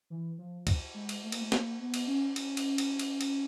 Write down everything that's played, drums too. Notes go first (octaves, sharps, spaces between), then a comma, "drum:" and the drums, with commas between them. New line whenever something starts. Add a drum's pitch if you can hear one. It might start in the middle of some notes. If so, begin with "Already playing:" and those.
E3
F3
drum: kick, cymbal
G#3
drum: cymbal
A3
A#3, drum: cymbal
A3
A#3, drum: snare
B3
drum: cymbal
C#4
C#4, drum: cymbal
drum: cymbal
drum: cymbal
drum: cymbal
drum: cymbal